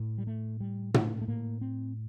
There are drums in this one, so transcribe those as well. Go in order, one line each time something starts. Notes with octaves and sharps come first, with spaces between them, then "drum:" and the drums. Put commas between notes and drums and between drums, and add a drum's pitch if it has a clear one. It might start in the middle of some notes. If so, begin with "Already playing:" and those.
Already playing: A2
G3
A3
G3
A3, drum: tom
A3
A2 A#3
C4